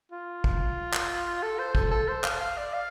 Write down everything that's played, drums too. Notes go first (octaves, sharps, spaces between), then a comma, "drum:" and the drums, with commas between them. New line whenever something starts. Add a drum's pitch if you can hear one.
F4
drum: kick
drum: clap
A4
C5
A4, drum: kick
A4
C5
F5, drum: clap
F5
D5
F5